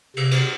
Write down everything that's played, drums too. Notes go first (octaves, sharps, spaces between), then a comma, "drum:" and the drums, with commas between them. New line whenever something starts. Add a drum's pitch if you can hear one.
C3, drum: cymbal
drum: cymbal